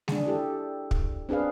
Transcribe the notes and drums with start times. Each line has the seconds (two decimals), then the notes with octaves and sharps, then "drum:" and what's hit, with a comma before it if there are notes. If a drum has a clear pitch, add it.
0.08 D4 G#4, drum: snare G#3
0.26 E4 G4 A4
0.91 drum: kick
1.29 C4 D4 G#4 B4 F5